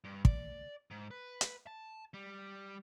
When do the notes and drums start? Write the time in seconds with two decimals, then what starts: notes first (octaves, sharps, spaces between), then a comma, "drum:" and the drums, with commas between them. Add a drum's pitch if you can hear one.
0.04 G2
0.25 D5, drum: kick
0.91 G#2
1.11 B4
1.41 drum: hi-hat
1.67 A5
2.14 G3